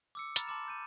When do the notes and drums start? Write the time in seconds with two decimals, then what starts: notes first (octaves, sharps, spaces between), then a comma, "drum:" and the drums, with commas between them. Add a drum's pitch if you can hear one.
0.15 D6 E6 C#7
0.36 A#5 B5 F6 A6, drum: hi-hat
0.47 A5 C6 D6 E7
0.68 G6 D#7